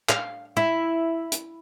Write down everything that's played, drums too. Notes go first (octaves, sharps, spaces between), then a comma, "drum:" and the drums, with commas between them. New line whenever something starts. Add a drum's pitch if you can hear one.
F5, drum: clap
E4
drum: hi-hat